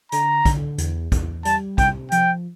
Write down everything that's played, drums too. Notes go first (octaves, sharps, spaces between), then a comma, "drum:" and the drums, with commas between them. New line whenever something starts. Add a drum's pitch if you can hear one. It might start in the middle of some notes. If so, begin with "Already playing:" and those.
D3 A#5, drum: hi-hat
D3, drum: kick, hi-hat
E2, drum: hi-hat
E2, drum: kick, hi-hat
G3 A5, drum: hi-hat
C3 G5, drum: kick, hi-hat
F3 G5, drum: hi-hat